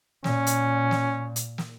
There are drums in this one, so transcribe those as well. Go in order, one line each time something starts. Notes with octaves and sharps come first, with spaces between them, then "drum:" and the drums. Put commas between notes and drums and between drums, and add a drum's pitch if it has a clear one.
A#2 C#4, drum: snare
drum: hi-hat
drum: snare
drum: hi-hat
drum: snare